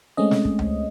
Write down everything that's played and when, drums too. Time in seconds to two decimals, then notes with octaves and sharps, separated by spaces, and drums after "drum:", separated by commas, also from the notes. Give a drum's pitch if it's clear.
0.17 G#3 A3 C4 C#4 D#5
0.31 drum: snare
0.45 drum: kick
0.59 drum: tom C#2